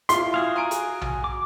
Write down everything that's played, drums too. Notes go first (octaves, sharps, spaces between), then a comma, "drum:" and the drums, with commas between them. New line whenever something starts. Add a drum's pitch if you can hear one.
E4 F4 C6, drum: hi-hat
F#4 G#4 F5
G#5 A#5 D7
drum: hi-hat
drum: tom
D6